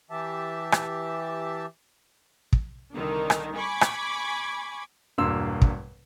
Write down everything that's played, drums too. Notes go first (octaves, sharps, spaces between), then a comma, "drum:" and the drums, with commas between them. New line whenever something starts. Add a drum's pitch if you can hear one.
E3 G4 E5 A5
drum: rim click
drum: kick
C2 D3 D#3
drum: rim click
G#5 B5 C#6 D6 G#6
drum: rim click
E1 G2 A#3 C6 E6
drum: kick